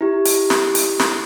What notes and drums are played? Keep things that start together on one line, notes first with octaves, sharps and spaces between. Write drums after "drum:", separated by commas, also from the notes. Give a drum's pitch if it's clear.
E4 G4
drum: hi-hat
drum: snare
drum: hi-hat
drum: snare